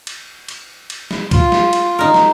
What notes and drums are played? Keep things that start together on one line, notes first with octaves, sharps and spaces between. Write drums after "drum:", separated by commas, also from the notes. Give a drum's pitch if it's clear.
drum: cymbal
drum: cymbal
drum: cymbal
drum: snare
F4, drum: kick, cymbal
drum: snare
drum: cymbal
D#4 A#4
drum: snare